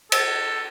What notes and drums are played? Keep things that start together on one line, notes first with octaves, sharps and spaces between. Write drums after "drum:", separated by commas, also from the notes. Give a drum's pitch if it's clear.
A4, drum: cymbal